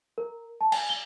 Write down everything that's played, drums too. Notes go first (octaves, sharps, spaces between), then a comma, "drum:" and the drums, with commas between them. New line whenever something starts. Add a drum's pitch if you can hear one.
A#4
A5
G#5, drum: cymbal
G7